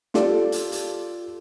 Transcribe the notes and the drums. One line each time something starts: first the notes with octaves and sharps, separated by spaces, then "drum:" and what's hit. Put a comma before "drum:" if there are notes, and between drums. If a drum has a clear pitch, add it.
F4 G4 A4 D5, drum: snare
drum: hi-hat
drum: hi-hat